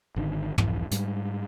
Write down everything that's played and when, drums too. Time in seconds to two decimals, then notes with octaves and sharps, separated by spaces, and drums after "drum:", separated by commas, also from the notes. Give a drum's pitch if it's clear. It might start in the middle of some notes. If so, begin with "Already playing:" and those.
0.16 G#1 D3 D#3
0.58 F1 C2 F2 E3, drum: tom
0.91 G#2 G3, drum: hi-hat